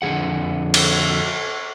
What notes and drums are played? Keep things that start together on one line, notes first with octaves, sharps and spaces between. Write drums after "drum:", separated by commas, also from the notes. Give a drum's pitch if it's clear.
F2 D3 F3 G#4 F#5
drum: cymbal